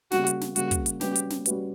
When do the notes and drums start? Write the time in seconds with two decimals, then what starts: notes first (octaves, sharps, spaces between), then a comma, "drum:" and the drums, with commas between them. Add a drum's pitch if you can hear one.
0.11 C#3 G3 A#3 F#4, drum: snare
0.27 drum: hi-hat
0.41 drum: snare
0.56 C#3 G3 A#3 F#4, drum: hi-hat
0.71 drum: kick, hi-hat
0.86 drum: hi-hat
1.01 G3 C#4 F#4 G4 B4, drum: snare
1.16 drum: hi-hat
1.30 drum: snare
1.46 G3 C#4 F#4 B4, drum: hi-hat